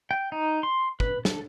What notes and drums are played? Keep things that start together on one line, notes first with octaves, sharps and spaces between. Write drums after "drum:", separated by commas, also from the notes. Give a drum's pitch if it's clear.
G5
D#4
C6
B4, drum: kick
A4, drum: snare